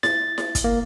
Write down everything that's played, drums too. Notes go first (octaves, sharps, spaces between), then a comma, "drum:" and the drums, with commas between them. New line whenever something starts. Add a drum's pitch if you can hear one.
A6, drum: snare E4
drum: snare E4
drum: kick, hi-hat
A#3